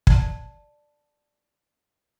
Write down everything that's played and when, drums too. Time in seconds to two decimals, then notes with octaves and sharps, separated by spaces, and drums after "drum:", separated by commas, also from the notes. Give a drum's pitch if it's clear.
0.07 D5 A5, drum: kick